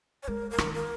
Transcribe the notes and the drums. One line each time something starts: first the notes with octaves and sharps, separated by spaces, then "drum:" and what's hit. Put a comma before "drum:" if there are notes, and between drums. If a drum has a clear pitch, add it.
C#5
G#3 A#4
A#4
D#3, drum: rim click
A#4